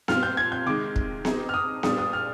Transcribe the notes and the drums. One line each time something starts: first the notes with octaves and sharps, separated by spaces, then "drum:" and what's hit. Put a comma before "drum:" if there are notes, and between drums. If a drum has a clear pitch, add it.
A#2 G3 C4 F4 F6, drum: snare B3
G6
G#6
G6
C3 D#3 G#3 D6
drum: kick
C4 D#4 G#4, drum: snare B3
F6
D#6
A#2 G3 D4 G#4 D#6, drum: snare B3
D#6
F6